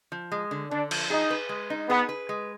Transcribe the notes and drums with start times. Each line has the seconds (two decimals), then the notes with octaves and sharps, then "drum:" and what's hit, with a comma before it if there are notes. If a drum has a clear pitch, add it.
0.12 F3
0.32 G#3
0.51 D3
0.70 D3 D4
0.91 F3, drum: cymbal
1.10 D#4 G#4
1.31 B4
1.49 G#3
1.70 D#4
1.89 B3 G#4
2.09 B4
2.29 G#3